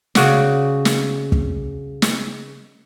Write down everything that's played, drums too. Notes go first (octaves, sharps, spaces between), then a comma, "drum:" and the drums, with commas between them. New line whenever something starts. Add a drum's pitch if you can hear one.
C#3 F#4 D5, drum: snare
drum: snare
drum: kick
drum: snare